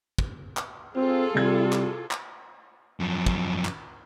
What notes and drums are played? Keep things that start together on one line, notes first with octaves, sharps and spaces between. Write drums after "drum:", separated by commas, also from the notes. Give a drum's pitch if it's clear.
drum: kick
drum: clap
C4 F4 G#4 A4
C3 G3 G#6
drum: clap
drum: clap
F#2 F3
drum: kick
drum: clap